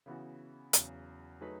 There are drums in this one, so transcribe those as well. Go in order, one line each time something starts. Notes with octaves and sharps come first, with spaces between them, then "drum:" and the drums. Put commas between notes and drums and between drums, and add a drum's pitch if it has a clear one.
C#3 E3 B3 F#4
E2 C#3 F#3, drum: hi-hat
F#3 A3 D#4 G#4 B4